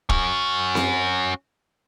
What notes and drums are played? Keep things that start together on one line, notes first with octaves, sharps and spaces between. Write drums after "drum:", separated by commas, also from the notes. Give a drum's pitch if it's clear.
C#4 F#4, drum: kick
drum: snare C4